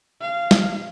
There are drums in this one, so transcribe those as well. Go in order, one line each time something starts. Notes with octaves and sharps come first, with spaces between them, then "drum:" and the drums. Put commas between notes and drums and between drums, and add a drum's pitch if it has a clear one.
F5
drum: snare